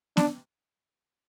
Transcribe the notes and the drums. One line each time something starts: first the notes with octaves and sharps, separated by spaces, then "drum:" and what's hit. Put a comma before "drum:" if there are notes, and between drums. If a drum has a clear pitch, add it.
D4, drum: snare B3